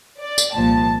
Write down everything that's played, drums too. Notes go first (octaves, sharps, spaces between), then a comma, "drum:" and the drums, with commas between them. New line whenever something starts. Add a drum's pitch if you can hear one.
D5
drum: tambourine
C2 A#2 F3 A5